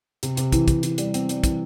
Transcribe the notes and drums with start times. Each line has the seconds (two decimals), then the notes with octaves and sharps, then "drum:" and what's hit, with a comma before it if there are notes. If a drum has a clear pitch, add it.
0.23 C3, drum: hi-hat
0.37 C3, drum: hi-hat
0.52 E3, drum: kick, hi-hat
0.68 C3, drum: kick, hi-hat
0.83 E3, drum: hi-hat
0.98 G3, drum: hi-hat
1.14 C4, drum: hi-hat
1.29 G3, drum: hi-hat
1.44 E3, drum: kick, hi-hat